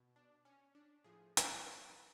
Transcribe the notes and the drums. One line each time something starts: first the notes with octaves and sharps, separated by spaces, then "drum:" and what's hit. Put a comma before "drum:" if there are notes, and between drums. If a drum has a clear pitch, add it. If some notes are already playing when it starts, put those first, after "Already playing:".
Already playing: B2
D4
C#4
D4
A2 F3 G#4
drum: hi-hat
D4